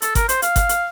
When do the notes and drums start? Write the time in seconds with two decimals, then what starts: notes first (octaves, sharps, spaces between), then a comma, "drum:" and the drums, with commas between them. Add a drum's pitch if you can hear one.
0.02 A4, drum: hi-hat
0.15 A#4, drum: kick G1, hi-hat
0.29 C5, drum: hi-hat
0.42 F5, drum: hi-hat
0.56 drum: kick G1, hi-hat
0.69 drum: hi-hat